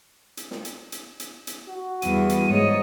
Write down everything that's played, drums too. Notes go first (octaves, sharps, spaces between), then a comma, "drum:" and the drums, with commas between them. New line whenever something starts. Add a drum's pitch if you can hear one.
drum: hi-hat
drum: snare
drum: hi-hat
drum: hi-hat
drum: hi-hat
drum: hi-hat
F#4
E2 G3 D#7, drum: hi-hat
drum: hi-hat
G#2 C#5 D#5